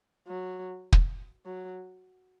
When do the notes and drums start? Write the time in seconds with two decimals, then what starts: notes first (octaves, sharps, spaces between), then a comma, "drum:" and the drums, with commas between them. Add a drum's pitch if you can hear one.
0.27 F#3
0.92 drum: kick
1.45 F#3